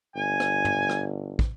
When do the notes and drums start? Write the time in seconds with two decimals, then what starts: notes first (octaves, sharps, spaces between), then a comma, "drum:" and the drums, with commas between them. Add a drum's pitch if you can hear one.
0.16 G1 G#5
0.40 drum: rim click
0.65 drum: tom
0.90 drum: rim click
1.39 drum: kick